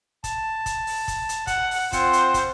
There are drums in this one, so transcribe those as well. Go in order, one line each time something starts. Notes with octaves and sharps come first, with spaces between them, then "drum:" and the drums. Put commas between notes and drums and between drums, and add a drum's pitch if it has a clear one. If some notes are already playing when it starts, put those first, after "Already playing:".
A5, drum: kick, hi-hat
drum: kick, hi-hat
drum: open hi-hat
drum: kick, hi-hat
drum: hi-hat
F#5, drum: kick, hi-hat
drum: open hi-hat
C4 F4 C5 F#5, drum: kick, hi-hat
drum: hi-hat
drum: kick, hi-hat